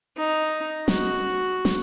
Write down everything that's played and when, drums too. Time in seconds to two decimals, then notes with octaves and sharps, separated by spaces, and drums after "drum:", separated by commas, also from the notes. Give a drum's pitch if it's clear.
0.17 D#4
0.88 F#4, drum: snare
1.65 drum: snare